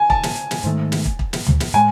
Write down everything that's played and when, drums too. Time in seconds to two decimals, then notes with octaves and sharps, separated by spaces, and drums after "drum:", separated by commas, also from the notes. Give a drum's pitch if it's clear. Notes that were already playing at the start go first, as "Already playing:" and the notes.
Already playing: G#5
0.10 A5, drum: kick
0.23 drum: snare
0.51 drum: snare
0.64 G#2 D#3 A3
0.92 drum: snare
1.05 drum: kick
1.19 drum: kick
1.33 drum: snare
1.47 drum: tom
1.60 drum: snare
1.74 A2 G#3 G#5